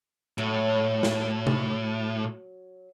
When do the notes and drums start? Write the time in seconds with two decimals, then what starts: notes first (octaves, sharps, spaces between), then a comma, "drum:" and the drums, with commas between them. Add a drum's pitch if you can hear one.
0.38 A2 F#3
1.03 drum: snare
1.47 drum: tom